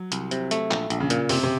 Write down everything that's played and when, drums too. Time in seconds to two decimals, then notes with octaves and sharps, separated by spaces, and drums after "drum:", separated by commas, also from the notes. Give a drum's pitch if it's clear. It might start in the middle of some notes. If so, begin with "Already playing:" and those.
Already playing: F#3
0.12 C2, drum: hi-hat
0.31 C3, drum: hi-hat
0.51 A3, drum: hi-hat
0.71 A#1, drum: clap
0.90 A#1, drum: hi-hat
1.00 C#3
1.10 A#2, drum: hi-hat
1.29 C3 C4, drum: open hi-hat
1.43 C3